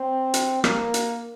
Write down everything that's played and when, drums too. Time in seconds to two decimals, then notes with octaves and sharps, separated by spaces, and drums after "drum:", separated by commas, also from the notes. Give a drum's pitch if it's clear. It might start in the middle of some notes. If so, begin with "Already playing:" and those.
Already playing: C4
0.34 drum: hi-hat
0.64 A#3, drum: rim click
0.94 drum: hi-hat